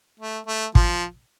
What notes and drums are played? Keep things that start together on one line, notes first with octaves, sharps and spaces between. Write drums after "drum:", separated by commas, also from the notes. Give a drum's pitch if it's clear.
A3
A3
F3, drum: kick